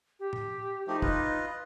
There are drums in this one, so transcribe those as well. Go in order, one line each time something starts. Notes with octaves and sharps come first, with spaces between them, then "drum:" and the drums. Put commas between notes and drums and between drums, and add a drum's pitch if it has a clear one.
G4
drum: tom A2
F3 A3 D#4 G4
F4 B4 D#5, drum: kick